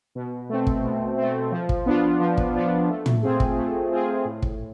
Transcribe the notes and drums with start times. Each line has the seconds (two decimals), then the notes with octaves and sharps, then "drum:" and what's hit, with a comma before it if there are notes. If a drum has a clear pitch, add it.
0.15 B2
0.49 A3 C4
0.67 drum: kick
0.84 B2
1.18 A3 C4
1.52 F3
1.69 drum: kick
1.86 B3 D4 F4
2.20 F3
2.37 drum: kick
2.54 B3 D4 F4
2.89 A3
3.06 drum: tom
3.23 C4 F4 G#4
3.40 drum: kick
3.57 A3
3.91 C4 F4 G#4
4.25 A2
4.42 drum: kick